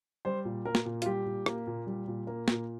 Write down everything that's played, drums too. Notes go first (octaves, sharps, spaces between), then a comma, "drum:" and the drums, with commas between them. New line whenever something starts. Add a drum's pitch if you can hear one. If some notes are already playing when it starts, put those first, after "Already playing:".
G3 C5
A#2
A#3 A#4
drum: snare
A#2
F4, drum: hi-hat
G3 G4
A#2
A#3, drum: rim click
A#2
G3
A#2
A#3
A#2, drum: snare